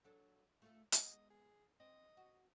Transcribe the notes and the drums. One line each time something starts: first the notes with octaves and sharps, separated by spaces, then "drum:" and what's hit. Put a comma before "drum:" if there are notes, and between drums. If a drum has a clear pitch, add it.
F#3 D4 A4
A3 F4 A4
G#3 B3 D#5, drum: hi-hat
G#4
C4 D#5
F#4